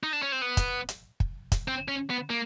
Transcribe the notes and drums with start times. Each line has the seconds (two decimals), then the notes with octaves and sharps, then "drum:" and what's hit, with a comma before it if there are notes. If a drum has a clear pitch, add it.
0.03 D#4
0.13 D4
0.22 C#4
0.32 C4
0.41 B3
0.57 drum: kick, hi-hat
0.89 drum: hi-hat
1.20 drum: kick
1.52 drum: kick, hi-hat
1.68 C4
1.88 C#4
2.10 B3
2.30 A#3